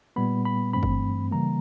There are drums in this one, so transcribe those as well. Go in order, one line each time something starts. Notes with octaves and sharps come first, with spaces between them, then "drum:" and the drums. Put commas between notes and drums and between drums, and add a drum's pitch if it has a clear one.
A#2 G3 B3 B5
B5
G2 E3 A3 C4 B5
drum: kick G1
C#3 E3 G3 A#3 A#5